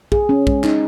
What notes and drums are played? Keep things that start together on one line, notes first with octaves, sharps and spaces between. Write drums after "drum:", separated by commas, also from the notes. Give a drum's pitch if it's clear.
G#4, drum: kick
C#4
G#3, drum: kick
D#4, drum: clap